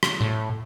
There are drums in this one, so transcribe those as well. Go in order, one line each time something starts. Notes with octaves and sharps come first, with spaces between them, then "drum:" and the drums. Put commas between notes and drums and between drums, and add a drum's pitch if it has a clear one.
drum: rim click
A2